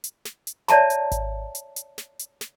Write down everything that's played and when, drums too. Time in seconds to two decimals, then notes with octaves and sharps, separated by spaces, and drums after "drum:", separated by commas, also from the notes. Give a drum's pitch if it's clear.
0.04 drum: hi-hat
0.25 drum: snare
0.47 drum: hi-hat
0.68 C#5 D5 E5 A5 A#5, drum: snare
0.90 drum: hi-hat
1.12 drum: kick G#1, hi-hat
1.55 drum: hi-hat
1.76 drum: hi-hat
1.98 drum: snare
2.19 drum: hi-hat
2.41 drum: snare